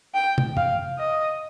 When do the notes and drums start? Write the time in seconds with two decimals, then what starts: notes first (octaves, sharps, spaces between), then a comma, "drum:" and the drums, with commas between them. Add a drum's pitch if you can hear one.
0.14 G5
0.38 drum: tom
0.57 F5, drum: tom
0.98 D#5